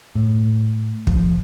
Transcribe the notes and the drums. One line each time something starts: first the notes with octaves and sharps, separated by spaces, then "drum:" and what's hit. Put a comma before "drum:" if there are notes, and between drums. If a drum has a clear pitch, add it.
A2
F3, drum: kick